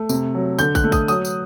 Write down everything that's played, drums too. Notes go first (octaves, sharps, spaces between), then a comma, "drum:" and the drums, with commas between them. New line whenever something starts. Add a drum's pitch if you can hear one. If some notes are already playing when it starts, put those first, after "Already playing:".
Already playing: A3
C3, drum: tambourine
F#3
D3 G6, drum: tambourine
F#6, drum: kick, tambourine
A3
D#6, drum: kick, tambourine
F#3 D#6, drum: tambourine
drum: tambourine